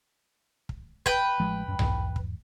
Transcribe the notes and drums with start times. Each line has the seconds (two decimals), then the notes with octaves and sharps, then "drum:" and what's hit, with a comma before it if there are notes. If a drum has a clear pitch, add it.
0.69 drum: kick
1.06 B4 G5, drum: kick
1.40 A1 F3 G#3
1.66 D#1 F#2
1.79 E2 G#2, drum: tom B1
2.16 drum: kick